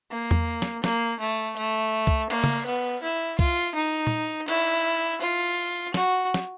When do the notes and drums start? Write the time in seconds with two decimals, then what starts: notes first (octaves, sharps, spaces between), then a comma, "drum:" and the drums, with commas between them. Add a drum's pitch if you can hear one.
0.11 A#3
0.31 drum: tom E2
0.62 drum: snare
0.84 A#3, drum: snare
1.20 A3
1.57 A3, drum: hi-hat
2.07 drum: kick C2
2.30 A#3, drum: cymbal
2.44 drum: tom C#3
2.66 B3
3.03 E4
3.39 F4, drum: kick C2
3.75 D#4
4.07 drum: tom A#2
4.48 E4, drum: cymbal
5.21 F4
5.94 F#4, drum: snare
6.34 drum: snare